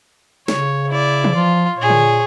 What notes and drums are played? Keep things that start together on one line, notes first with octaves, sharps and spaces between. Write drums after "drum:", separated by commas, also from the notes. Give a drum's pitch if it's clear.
C#3 C#5, drum: snare
E4 D5
drum: tom E3
F3 F4
A#2 G#4 C#5
drum: tom D3